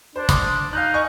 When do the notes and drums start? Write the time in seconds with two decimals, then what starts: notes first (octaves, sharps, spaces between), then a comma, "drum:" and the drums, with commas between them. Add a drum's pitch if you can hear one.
0.16 D4 C5
0.29 C6 D6 D#6, drum: kick, hi-hat
0.73 D#4 F5 F#6
0.94 D#5 G#5 C#6